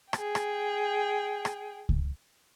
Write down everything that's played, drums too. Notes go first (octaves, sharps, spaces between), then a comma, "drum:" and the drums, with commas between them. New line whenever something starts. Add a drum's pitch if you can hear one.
G#4 G5, drum: rim click
drum: rim click
drum: rim click
drum: kick C#2